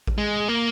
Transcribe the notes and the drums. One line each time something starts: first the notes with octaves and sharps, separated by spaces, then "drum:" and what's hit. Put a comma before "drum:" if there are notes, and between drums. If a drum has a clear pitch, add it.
drum: kick A1
G#3
A#3